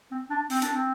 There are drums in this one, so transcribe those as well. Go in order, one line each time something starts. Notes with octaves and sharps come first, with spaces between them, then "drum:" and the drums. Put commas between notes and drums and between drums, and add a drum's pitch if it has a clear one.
C4
D4
C4, drum: open hi-hat
D4, drum: hi-hat
C4